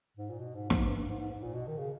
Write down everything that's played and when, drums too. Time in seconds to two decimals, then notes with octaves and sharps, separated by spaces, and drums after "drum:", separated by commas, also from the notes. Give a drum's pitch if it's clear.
0.17 G#2
0.30 A#2
0.39 B2
0.55 G#2
0.70 G#2, drum: snare
0.86 G2
0.97 G2
1.09 G#2
1.19 G#2
1.32 G#2
1.43 A#2
1.54 B2
1.67 D#3
1.77 C#3